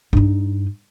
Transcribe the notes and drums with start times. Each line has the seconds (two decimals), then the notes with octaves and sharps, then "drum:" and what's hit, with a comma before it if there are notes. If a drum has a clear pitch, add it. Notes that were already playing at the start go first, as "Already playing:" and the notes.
0.13 G2 D#4, drum: kick